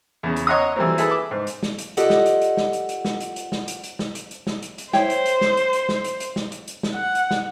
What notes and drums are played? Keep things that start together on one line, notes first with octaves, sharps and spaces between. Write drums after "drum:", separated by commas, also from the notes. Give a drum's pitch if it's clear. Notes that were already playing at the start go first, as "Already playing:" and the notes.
E2 C#3
drum: hi-hat
C#5 D#5 F#5 A#5 C6 D#6
E3 F#3 G3 A3 A#3 C4
E4 G#4 A4 B4, drum: hi-hat
D6
G#2
drum: hi-hat
drum: snare
drum: hi-hat
F4 G4 A4 D5 D#5 F#5, drum: hi-hat
drum: snare
drum: hi-hat
drum: hi-hat
drum: snare
drum: hi-hat
drum: hi-hat
drum: snare
drum: hi-hat
drum: hi-hat
drum: snare
drum: hi-hat
drum: hi-hat
drum: snare
drum: hi-hat
drum: hi-hat
drum: snare
drum: hi-hat
drum: hi-hat
E4 C5 C#5 G5, drum: snare
drum: hi-hat
drum: hi-hat
drum: snare
drum: hi-hat
drum: hi-hat
drum: snare
drum: hi-hat
drum: hi-hat
drum: snare
drum: hi-hat
drum: hi-hat
drum: snare
F#5
drum: hi-hat
drum: snare